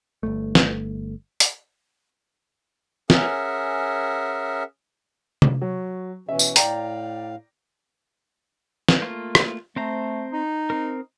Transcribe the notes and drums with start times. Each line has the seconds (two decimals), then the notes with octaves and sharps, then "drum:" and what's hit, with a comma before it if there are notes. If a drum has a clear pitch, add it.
0.23 G1 C#2 A3
0.55 drum: snare
1.40 drum: hi-hat
3.10 C#4 G#4 A#4 E5 F#5, drum: snare
5.42 drum: tom C3
5.61 F#3
6.29 B2 E3 C#4 E5
6.39 drum: tambourine
6.56 A2 D5 F5 G5 A#5, drum: hi-hat
8.89 drum: snare
9.02 A3 A#3 F4
9.35 drum: rim click
9.76 A3 C4 C5 A#5
10.32 D#4
10.70 C4 A#4